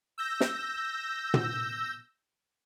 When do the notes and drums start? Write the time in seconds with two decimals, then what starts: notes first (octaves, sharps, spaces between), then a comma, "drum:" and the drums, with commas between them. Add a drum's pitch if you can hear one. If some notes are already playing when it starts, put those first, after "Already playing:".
0.18 E6 G6 A#6
0.40 drum: snare
1.34 drum: tom